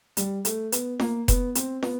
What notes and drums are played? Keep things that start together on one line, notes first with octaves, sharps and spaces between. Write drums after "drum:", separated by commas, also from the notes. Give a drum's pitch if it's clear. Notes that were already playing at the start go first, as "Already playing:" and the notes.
G3, drum: hi-hat
A3, drum: hi-hat
B3, drum: hi-hat
A#3, drum: snare
B3, drum: kick F1, hi-hat
C4, drum: hi-hat
B3, drum: snare